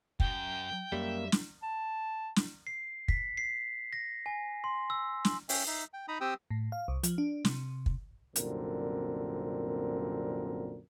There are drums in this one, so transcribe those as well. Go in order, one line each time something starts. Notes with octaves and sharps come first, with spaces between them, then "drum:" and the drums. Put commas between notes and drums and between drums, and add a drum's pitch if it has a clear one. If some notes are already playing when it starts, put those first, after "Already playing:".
F#2 G5, drum: kick
F#2 G3 A#3 E5
drum: snare
A5
drum: snare
C7
B6, drum: kick
C7
A#6
G#5
C6
E6
C6, drum: snare
C#4 E5 G5, drum: open hi-hat
D#4 E5
G5
D#4 A#5 B5 D#6
C4 G4 G5 D#6 E6
A2
F5
C2
F3, drum: hi-hat
D4
C3, drum: snare
drum: kick
C2 F#2 A#2 D3 C4 A#4, drum: hi-hat